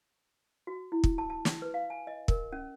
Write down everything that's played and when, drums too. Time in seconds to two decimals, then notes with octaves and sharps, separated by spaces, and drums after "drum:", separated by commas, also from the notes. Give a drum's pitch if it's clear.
0.67 F#4
0.92 E4
1.04 drum: kick
1.18 A5
1.30 A5
1.45 drum: snare
1.62 B4
1.74 F5
1.90 G#5
2.07 D#5
2.28 A#4, drum: kick
2.52 C#4